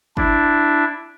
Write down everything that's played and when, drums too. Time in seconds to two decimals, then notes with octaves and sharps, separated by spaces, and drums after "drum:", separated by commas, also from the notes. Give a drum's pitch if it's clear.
0.17 D4 E4, drum: kick